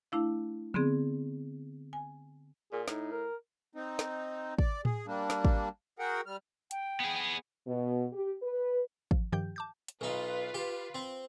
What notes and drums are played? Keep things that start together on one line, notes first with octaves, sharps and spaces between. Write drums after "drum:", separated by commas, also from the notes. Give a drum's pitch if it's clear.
A3 D4 E4 F5
D3 B3 C4 G#4, drum: tom
G#5
A#2 G#4
A2 D#4, drum: snare
A#4
C4 D#4
drum: snare
D5, drum: kick
G#4, drum: tom A2
G3 A#3 D4
drum: snare
drum: kick
F#4 G#4 A#4 F#5 G5
G3 F6
G5, drum: hi-hat
B3 G#4
B2
G4
B4
F3, drum: kick
G2 D#3 F3 G4 G5 G6
A5 D6 G6
drum: hi-hat
B1 D#4 F4 B4
G4
C4